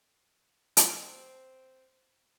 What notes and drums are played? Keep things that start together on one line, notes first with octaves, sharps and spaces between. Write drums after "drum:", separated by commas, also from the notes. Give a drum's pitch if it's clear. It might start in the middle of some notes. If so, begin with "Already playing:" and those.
C4, drum: hi-hat